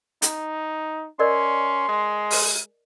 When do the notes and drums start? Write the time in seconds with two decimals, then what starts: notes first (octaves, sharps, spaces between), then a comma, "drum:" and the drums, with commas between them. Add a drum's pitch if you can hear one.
0.22 D#4, drum: hi-hat
1.19 C#4 A#4 D5 D#5 C6
1.89 G#3
2.31 drum: open hi-hat